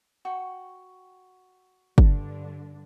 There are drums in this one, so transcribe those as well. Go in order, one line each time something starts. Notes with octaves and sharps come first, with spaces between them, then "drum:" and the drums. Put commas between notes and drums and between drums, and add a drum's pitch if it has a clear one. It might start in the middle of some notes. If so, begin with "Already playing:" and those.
F#4 G5 C#6
G2 D3 D4, drum: kick